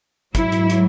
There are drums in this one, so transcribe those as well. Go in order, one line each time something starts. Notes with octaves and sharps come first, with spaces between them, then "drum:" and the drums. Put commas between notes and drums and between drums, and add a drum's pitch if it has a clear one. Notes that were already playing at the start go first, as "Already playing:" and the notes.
G#2 F#3 E4, drum: kick, hi-hat
drum: hi-hat
drum: hi-hat